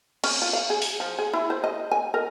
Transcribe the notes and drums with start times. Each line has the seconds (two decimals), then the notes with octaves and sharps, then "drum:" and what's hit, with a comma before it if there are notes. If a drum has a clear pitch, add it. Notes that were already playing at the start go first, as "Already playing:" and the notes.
0.24 C#4, drum: cymbal
0.42 F4
0.53 F5
0.70 G#4
0.82 drum: open hi-hat
1.00 F3
1.19 G#4
1.33 E4
1.50 C5
1.64 D#5
1.91 G#5
2.14 A#4